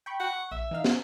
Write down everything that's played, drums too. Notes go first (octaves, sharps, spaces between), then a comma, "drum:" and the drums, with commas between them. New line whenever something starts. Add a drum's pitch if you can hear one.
G5 B5 C#6
F#5
C#6
A#1 E5
E3 D#4 F5
C#4, drum: snare